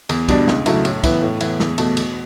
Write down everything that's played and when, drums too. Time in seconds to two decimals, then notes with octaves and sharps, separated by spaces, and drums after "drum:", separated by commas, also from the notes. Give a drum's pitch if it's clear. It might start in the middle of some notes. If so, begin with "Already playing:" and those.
0.09 E2, drum: cymbal
0.28 B2 G3 D4, drum: kick, cymbal
0.48 C#2, drum: snare
0.66 C#3 F#3 A3 E4, drum: cymbal
0.85 A2, drum: cymbal
1.03 E3 B3 E4, drum: kick, cymbal
1.22 A2
1.41 E3 B3 E4, drum: cymbal
1.60 E2, drum: snare
1.78 B2 A3, drum: cymbal
1.97 B2, drum: cymbal